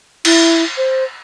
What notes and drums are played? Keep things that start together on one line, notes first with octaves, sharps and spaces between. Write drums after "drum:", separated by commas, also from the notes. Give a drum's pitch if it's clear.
E4, drum: cymbal
C5